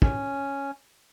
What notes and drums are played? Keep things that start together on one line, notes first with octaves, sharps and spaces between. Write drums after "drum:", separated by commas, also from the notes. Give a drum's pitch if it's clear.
C#4, drum: kick